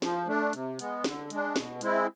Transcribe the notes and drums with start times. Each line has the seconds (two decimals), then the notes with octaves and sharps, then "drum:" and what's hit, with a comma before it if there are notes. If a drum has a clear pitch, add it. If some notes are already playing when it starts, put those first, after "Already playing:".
0.02 F3, drum: snare
0.27 A3 D4
0.53 C3, drum: hi-hat
0.79 G#3 B3, drum: hi-hat
1.04 D3, drum: snare
1.30 G#3 D4, drum: hi-hat
1.56 B2, drum: snare
1.81 G#3 C4 E4, drum: hi-hat